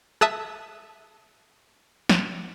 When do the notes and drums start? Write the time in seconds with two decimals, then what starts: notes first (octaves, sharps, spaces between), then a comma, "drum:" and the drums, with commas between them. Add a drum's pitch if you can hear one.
0.21 E5 A5 D#6 E6 F#6, drum: rim click
2.09 drum: snare